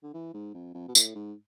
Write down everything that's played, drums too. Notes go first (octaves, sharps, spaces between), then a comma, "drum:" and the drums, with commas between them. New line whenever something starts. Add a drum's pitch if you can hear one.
D3
E3
G#2
F2
F2
B2
A2, drum: tambourine
G#2